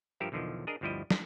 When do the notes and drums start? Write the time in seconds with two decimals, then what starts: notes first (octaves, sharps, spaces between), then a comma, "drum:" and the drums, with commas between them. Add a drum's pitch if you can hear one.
0.20 G2 F3 G4 A#4 E5
0.32 B1 E2 D3 D#3 F3
0.67 D4 G#4 A#4 D#5
0.81 G1 D2 F3 G3 E4 D#5
1.11 D4, drum: snare